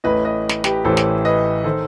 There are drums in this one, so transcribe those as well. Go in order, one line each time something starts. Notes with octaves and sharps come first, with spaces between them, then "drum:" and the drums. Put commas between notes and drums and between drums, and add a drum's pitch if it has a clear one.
A1 A2 E3 B4 D#5
B4 D#5
drum: snare
G4 B4, drum: snare
A1 A2 E3 A4 C5
drum: snare
B4 D#5
D#3 A4 C5